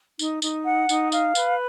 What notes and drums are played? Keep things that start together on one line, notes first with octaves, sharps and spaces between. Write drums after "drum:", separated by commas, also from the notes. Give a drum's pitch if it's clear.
D#4, drum: tambourine
D#4, drum: tambourine
F#5
D#4, drum: tambourine
F5, drum: tambourine
B4, drum: tambourine